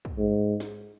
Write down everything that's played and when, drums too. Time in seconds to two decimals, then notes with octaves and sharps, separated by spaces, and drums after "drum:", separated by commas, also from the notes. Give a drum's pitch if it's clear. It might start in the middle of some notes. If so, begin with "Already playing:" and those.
0.05 drum: kick
0.18 G#2
0.60 drum: snare